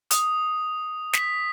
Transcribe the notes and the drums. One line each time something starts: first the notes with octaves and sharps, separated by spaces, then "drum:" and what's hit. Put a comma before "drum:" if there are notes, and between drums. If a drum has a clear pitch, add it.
D#6, drum: hi-hat
B6, drum: snare